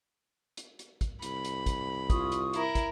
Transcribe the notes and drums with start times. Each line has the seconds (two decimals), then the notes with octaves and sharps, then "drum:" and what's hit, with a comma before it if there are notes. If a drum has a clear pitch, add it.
0.57 drum: hi-hat
0.79 drum: hi-hat
1.01 drum: kick, hi-hat
1.22 C2 B5, drum: hi-hat
1.45 drum: hi-hat
1.66 drum: kick, hi-hat
2.10 F4 C#6 D#6, drum: kick, hi-hat
2.32 drum: hi-hat
2.54 E4 A#4, drum: hi-hat
2.75 drum: kick, hi-hat